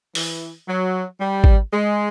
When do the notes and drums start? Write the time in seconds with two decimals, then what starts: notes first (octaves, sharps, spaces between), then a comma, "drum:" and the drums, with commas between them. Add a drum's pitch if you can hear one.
0.15 E3, drum: open hi-hat
0.68 F#3
1.20 G3
1.44 drum: kick G#1
1.73 G#3